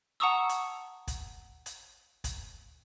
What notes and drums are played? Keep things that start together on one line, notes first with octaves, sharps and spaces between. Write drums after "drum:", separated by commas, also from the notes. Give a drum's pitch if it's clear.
F#5 A5 A#5 C#6 D#6 E6
drum: hi-hat
drum: kick, hi-hat
drum: hi-hat
drum: kick, hi-hat